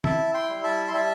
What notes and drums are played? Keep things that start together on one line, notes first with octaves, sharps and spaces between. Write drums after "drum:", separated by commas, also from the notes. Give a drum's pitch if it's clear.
E4 E5 A5, drum: tom
G5 C6
G3
E5 A5
C6
G3 E5 A5